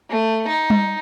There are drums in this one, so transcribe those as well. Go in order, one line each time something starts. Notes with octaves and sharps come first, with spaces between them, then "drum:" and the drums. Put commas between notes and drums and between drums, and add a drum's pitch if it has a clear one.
A3
D#4
drum: tom G3